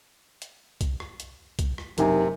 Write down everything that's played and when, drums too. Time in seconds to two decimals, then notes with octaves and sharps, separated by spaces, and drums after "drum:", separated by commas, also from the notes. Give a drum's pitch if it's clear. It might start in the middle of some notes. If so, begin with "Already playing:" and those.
0.42 drum: hi-hat
0.81 drum: kick, hi-hat
1.00 drum: rim click
1.20 drum: hi-hat
1.59 drum: kick, hi-hat
1.78 drum: rim click
1.98 F#1 C3 D#4 A#4 G#5, drum: hi-hat